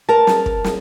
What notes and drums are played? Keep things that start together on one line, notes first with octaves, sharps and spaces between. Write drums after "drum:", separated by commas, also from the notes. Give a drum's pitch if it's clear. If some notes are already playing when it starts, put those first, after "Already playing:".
A#4 A5
drum: snare
drum: kick
drum: snare